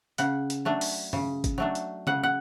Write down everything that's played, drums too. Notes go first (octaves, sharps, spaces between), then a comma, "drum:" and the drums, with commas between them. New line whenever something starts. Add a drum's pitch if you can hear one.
C#3 F#5, drum: hi-hat
drum: hi-hat
F#3 A3 D4
drum: open hi-hat
C#3, drum: tom
drum: kick G1, hi-hat
F#3 A3 D4
drum: hi-hat
C#3 F#5, drum: tom C#3
F#5